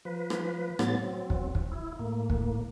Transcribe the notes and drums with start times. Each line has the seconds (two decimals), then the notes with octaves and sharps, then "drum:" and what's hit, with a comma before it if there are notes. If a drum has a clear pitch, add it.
0.05 F3 B4
0.30 drum: rim click
0.79 A2 F#3 B3 A6, drum: rim click
1.03 F#3 C4
1.30 drum: kick
1.55 drum: kick
1.71 E4
1.99 A2 A#3
2.30 drum: kick